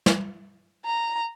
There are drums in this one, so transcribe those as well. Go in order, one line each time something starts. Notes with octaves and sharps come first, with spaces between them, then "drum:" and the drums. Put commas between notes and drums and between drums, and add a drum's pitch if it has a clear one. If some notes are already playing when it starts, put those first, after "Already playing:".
drum: snare
A#5